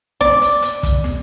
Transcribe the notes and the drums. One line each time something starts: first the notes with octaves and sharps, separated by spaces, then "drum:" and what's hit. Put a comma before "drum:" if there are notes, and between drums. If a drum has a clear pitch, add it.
D5, drum: snare
drum: hi-hat
drum: hi-hat
drum: kick, hi-hat
drum: snare